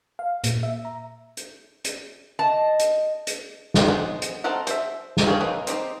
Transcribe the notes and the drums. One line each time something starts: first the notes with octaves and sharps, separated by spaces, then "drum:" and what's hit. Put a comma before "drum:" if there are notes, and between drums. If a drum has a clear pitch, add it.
F5
A#2, drum: hi-hat
E5
A#5
drum: hi-hat
drum: hi-hat
D#5 A5
drum: hi-hat
drum: hi-hat
drum: snare
G#3 B3 C5
drum: hi-hat
C4 D#4 A4 A#4 F#5
C5 E5, drum: hi-hat
drum: snare
G#4 B4 C#5 F5 G5
A#3 C4 D#4 B4
C4 D#4 G4 C5, drum: hi-hat